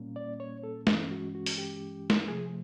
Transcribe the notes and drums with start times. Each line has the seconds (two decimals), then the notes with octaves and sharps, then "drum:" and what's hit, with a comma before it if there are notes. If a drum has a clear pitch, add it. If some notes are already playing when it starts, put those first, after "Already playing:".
Already playing: A#2 G3 A#3 C#4
0.16 D5
0.40 C#5
0.63 A4
0.87 G2 E3 G#3 C#4, drum: snare
1.11 F#4
1.35 F#4
1.46 drum: open hi-hat
1.58 G4
2.10 drum: snare
2.28 C3 F3 A3 G#4